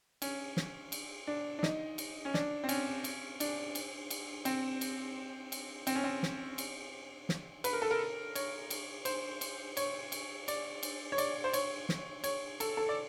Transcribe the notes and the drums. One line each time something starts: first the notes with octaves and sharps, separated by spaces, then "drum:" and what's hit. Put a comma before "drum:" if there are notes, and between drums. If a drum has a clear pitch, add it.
C#4, drum: cymbal
drum: snare
drum: cymbal
D4
D4
D#4, drum: snare
drum: cymbal
C#4
D4, drum: snare
C4
C#4, drum: cymbal
drum: cymbal
D4, drum: cymbal
drum: cymbal
drum: cymbal
C4, drum: cymbal
drum: cymbal
drum: cymbal
C4, drum: cymbal
C#4
C4
drum: snare
drum: cymbal
drum: snare
B4, drum: cymbal
A#4
A4
A#4
C#5, drum: cymbal
drum: cymbal
C5, drum: cymbal
drum: cymbal
C#5, drum: cymbal
drum: cymbal
D5, drum: cymbal
drum: cymbal
C#5
D5, drum: cymbal
C5
C#5, drum: cymbal
drum: snare
C#5, drum: cymbal
A4, drum: cymbal
A4
D5